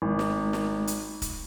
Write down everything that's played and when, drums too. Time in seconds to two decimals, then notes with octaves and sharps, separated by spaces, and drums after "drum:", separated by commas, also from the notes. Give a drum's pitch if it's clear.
0.02 G#1
0.19 drum: snare
0.53 drum: snare
0.87 drum: hi-hat
1.22 drum: kick, hi-hat